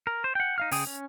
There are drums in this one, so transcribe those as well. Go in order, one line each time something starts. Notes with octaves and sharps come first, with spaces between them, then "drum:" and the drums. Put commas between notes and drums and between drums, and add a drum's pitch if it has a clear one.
A#4
C5
F#5 G5
D#4 F5 F6
C#3 G#4 G5 D#6, drum: open hi-hat
C#4